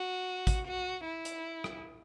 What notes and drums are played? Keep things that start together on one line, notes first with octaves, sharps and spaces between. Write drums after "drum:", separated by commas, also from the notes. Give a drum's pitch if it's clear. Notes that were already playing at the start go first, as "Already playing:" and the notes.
Already playing: F#4
drum: kick, hi-hat
F#4
E4
drum: hi-hat
drum: rim click